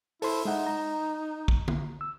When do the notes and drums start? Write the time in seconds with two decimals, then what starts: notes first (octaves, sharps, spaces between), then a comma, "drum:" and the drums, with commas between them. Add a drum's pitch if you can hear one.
0.22 E4 A4 C5 C6, drum: open hi-hat
0.45 G#3 D#4 E5 F#5
0.66 A#5
1.48 drum: kick
1.68 drum: tom
2.01 E6